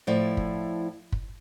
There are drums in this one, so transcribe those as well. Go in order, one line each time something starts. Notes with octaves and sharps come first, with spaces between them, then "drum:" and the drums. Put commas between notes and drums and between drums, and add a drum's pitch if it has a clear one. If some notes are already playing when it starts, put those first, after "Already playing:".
A2 F3 E4 D5
drum: kick
drum: kick